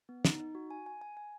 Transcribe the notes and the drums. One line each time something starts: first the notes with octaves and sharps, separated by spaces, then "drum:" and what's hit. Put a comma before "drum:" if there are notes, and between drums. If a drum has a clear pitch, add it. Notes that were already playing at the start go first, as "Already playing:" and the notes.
B3
D#4, drum: snare
D#4
F#4
G#5
G#5
G#5
G#5